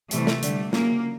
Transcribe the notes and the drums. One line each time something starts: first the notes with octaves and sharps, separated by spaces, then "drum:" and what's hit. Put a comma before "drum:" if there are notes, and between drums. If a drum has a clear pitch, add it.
C3 E3 G3 A3, drum: hi-hat
drum: snare
D3 G3, drum: hi-hat
C#3 F#3 A#3, drum: snare